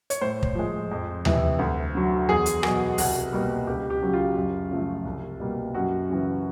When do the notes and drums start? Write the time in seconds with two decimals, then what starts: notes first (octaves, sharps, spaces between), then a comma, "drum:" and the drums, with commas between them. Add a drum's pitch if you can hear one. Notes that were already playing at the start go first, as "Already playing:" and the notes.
0.10 C#5, drum: hi-hat
0.21 A2 C5
0.43 drum: kick
0.55 F3 G#3
0.91 F2
1.25 C3 E3, drum: tom D#2
1.59 D2
1.95 D3 F#3
2.29 E2 G#4
2.46 drum: hi-hat
2.63 B2 F#3 G#4, drum: rim click
2.98 C2 F#4, drum: open hi-hat
3.32 B2 G3 A#3
3.67 C#2 G4
3.90 G4
4.02 C#3 F#3
4.13 F4
4.37 F#2
4.71 C#3 F3 A3
5.05 C2
5.40 B2 G3 A#3
5.74 F#2 F#4
6.10 C#3 E3